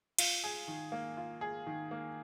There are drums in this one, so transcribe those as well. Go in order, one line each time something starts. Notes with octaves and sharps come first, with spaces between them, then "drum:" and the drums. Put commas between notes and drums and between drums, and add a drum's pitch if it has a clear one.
F4, drum: cymbal
G#4
D#3
A#3
F4
G#4
D#3
A#3